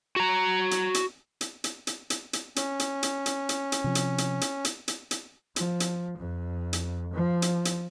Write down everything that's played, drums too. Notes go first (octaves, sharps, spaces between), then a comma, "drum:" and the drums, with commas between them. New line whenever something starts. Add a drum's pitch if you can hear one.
F#4 A#5
drum: hi-hat
drum: hi-hat
drum: hi-hat
drum: hi-hat
drum: hi-hat
drum: hi-hat
drum: hi-hat
C#4, drum: hi-hat
drum: hi-hat
drum: hi-hat
drum: hi-hat
drum: hi-hat
drum: hi-hat
C3 F3
drum: hi-hat
drum: hi-hat
drum: hi-hat
drum: hi-hat
drum: hi-hat
drum: hi-hat
F3, drum: hi-hat
drum: hi-hat
F2
drum: hi-hat
F3
drum: hi-hat
drum: hi-hat